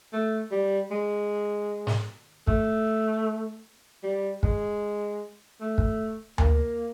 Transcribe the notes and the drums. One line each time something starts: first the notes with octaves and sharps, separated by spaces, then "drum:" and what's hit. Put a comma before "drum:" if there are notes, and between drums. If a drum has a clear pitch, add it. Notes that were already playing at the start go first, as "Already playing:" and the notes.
A3
G3
G#3
drum: snare
A3, drum: kick
G3
G#3, drum: kick
A3
drum: kick
A#3, drum: tom D2